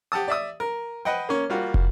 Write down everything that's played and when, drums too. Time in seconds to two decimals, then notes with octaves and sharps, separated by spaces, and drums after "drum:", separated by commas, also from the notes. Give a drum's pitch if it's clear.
0.12 G4 F#5 A5 D#6
0.28 D5 E5 D#6
0.60 A#4
1.05 B4 D#5 F#5 G5
1.29 A#3 C#4
1.50 G3 A#3 F4 F#4
1.74 drum: kick